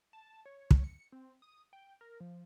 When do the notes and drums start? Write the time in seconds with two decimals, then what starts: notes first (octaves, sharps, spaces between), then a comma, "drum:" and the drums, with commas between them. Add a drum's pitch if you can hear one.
0.13 A5
0.46 C#5
0.71 drum: kick
0.84 C#7
1.12 C4
1.42 D#6
1.73 G5
2.01 A#4
2.20 F3